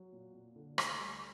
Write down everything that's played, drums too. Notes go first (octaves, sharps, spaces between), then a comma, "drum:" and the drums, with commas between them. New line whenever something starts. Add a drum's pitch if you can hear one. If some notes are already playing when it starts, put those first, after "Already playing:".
Already playing: F#3
A#2
A#2
D3
D2, drum: rim click
G3